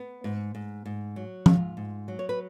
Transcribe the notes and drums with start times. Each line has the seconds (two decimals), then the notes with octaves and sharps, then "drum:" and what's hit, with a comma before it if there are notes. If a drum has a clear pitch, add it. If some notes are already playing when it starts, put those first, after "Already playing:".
Already playing: B3
0.24 G#2
0.55 G#2
0.85 G#2
1.16 F#3
1.46 G#2 F4, drum: tom F3
1.77 G#2
2.08 F#3
2.19 C#5
2.29 B4